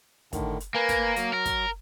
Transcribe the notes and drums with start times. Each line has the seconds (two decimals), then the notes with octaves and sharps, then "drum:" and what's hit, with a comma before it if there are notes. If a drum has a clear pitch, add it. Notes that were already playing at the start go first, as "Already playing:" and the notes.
0.33 A2 D3 D#3, drum: kick, hi-hat
0.60 drum: hi-hat
0.75 A#3 A#4 B4 G#5
0.89 drum: kick, hi-hat
1.16 F#3, drum: hi-hat
1.33 A#4
1.45 drum: kick, hi-hat